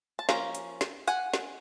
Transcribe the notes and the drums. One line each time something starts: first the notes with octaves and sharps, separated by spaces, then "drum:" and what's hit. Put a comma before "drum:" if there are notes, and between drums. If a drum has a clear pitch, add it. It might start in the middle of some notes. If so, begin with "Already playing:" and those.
A5
F3 A#3 C#4 A#5, drum: snare
drum: hi-hat
drum: snare
F#5 G#5, drum: hi-hat
drum: snare